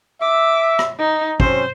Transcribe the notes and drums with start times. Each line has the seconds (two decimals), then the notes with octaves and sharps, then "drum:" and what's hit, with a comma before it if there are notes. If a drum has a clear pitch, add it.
0.21 E5 D6
0.79 drum: rim click
0.99 D#4
1.40 F#3 C4 C#4 C5, drum: kick